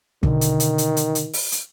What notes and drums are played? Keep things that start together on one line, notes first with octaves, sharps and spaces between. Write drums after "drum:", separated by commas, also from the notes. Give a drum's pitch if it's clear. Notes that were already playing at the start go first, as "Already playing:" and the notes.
B2 D3 D#3, drum: kick
drum: hi-hat
drum: hi-hat
drum: hi-hat
drum: hi-hat
drum: hi-hat
drum: open hi-hat
drum: hi-hat